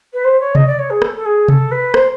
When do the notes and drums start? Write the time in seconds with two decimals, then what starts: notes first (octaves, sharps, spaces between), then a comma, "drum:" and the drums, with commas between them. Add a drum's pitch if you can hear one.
0.13 B4
0.24 C5
0.40 C#5
0.55 D#5, drum: tom C3
0.67 D5
0.79 C#5
0.90 G#4
1.02 A4, drum: rim click
1.16 A4
1.25 G#4
1.48 A4, drum: tom C3
1.71 B4
1.94 C5, drum: rim click